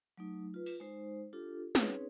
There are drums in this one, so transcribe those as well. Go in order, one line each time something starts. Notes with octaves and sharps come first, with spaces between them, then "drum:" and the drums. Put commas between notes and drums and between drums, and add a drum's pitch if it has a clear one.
F#3 A3 D#4
F4 B4
drum: open hi-hat
G#3 D#4 C5
D4 F4 G4 A4
C4 C#4 D#4 G#4 B4 C#5, drum: snare